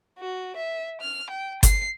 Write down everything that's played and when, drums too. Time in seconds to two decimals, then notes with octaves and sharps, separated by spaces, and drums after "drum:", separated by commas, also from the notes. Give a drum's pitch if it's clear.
0.19 F#4
0.56 E5
1.01 F6
1.30 G5
1.63 C7, drum: kick G1, hi-hat